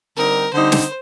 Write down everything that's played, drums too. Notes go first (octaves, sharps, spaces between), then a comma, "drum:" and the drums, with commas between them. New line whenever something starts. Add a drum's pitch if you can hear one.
D3 G3 C4 D#4 A#4
D3 G3 C4 D#4 C5
drum: snare